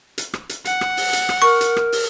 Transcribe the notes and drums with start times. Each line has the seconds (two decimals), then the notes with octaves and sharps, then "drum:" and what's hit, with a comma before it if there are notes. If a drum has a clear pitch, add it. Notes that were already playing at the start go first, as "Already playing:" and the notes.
0.18 drum: hi-hat
0.34 drum: rim click
0.49 drum: hi-hat
0.65 F#5, drum: hi-hat
0.81 drum: rim click
0.97 drum: open hi-hat
1.13 drum: hi-hat
1.29 drum: rim click
1.42 A#4 C#6
1.61 drum: hi-hat
1.77 drum: rim click
1.92 drum: open hi-hat